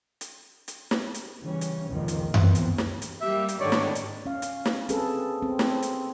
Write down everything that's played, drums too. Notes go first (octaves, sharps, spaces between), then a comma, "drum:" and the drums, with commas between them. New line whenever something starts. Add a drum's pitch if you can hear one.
drum: hi-hat
drum: hi-hat
drum: snare
drum: hi-hat
C#3 E3 G3 C#4
drum: hi-hat
F1 C#2 A#2 D#3 F3
drum: hi-hat
C#2 D#3 E3 F#3 B3 C4, drum: tom F#2
drum: hi-hat
drum: snare
drum: hi-hat
G3 A#3 G4 E5
drum: hi-hat
G#2 D3 D#3 C#5 D5
drum: snare
drum: hi-hat
C#4 F5
drum: hi-hat
drum: snare
C4 C#4 G#4 A4 B4, drum: hi-hat
C4
drum: snare
drum: hi-hat